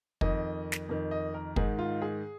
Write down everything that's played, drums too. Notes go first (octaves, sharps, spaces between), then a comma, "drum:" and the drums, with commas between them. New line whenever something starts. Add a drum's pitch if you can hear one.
F2 D#3 D#5, drum: kick
drum: snare
F2 D#3
D#5
A#4
G#2 D#3 G#4, drum: kick
F4
G#4